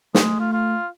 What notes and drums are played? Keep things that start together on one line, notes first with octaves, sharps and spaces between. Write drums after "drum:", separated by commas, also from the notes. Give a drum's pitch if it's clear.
G#3 A3, drum: snare
F4
F4